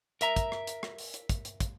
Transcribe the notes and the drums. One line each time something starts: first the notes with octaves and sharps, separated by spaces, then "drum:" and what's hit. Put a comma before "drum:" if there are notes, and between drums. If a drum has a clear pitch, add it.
A#4 E5 A#5, drum: hi-hat
drum: kick, hi-hat
drum: rim click
drum: hi-hat
drum: rim click
drum: open hi-hat
drum: hi-hat
drum: kick, hi-hat
drum: hi-hat
drum: kick, hi-hat